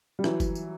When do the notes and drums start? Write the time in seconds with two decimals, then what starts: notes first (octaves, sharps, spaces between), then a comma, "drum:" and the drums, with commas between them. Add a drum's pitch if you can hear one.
0.19 G3
0.24 E3 F#3, drum: rim click
0.40 drum: kick F#1, tambourine
0.55 drum: tambourine